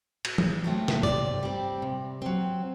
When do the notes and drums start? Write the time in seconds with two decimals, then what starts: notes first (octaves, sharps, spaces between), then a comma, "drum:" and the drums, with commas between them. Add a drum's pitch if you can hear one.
0.25 B2, drum: cymbal
0.38 drum: tom E3
0.64 F#3 A3 C4
0.88 drum: snare
1.03 C3 D5, drum: tom G2
1.43 G3 C4
1.82 C3
2.22 F#3 C4